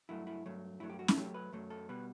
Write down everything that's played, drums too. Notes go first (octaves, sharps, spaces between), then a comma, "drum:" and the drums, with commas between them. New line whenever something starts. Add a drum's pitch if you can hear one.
G2 F#3 A3 E4
E4
G2 F#3 A3
G2 F#3 A3 E4
G4
F#4
E4, drum: snare C#4
F#2 F#3 A3 G4
B4
F#2 F#3 A3
A4
B2 G3 B4